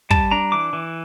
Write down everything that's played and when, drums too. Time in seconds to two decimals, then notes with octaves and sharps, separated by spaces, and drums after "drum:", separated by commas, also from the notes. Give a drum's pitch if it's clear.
0.10 G3 A5, drum: kick
0.31 D4 A#5
0.52 E3 D6
0.73 E3